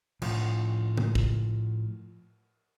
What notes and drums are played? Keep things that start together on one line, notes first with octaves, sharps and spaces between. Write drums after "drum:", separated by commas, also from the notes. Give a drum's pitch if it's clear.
A2 F3, drum: cymbal
drum: tom C#3
drum: kick